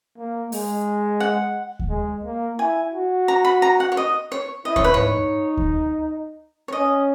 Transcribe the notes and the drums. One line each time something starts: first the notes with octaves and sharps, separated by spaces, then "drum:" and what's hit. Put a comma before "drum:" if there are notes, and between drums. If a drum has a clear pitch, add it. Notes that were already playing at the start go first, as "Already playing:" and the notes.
A#3
G#3, drum: open hi-hat
F#5
drum: kick D2
G#3
A#3
E4 G#5
F#4
A#5
B5
A#5
F#5
C#5
D#5
C#5
E4 D#5
C#5, drum: kick D2
B4
C#5, drum: tom G#2
D#4
drum: kick D2
C#5
C#4 D#5